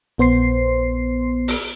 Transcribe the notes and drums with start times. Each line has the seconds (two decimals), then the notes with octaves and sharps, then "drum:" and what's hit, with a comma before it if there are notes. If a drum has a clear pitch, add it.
0.18 A#1 B3 C5 C6 C7
1.48 drum: open hi-hat